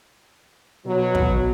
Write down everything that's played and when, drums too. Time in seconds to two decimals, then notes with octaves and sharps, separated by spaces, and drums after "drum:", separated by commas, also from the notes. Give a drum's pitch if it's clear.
0.86 B2 F#3
1.15 drum: kick